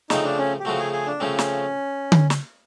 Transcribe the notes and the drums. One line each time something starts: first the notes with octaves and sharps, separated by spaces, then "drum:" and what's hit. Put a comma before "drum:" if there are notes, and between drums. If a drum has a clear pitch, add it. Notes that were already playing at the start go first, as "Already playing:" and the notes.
C#3 F3 A3 C4 D#4, drum: snare
D4
C#4
G4
C#3 F3 A3 C4 F#4
G#4
G#4
D4
C#3 F3 A3 C4 C#4
drum: snare
drum: tom D3
drum: snare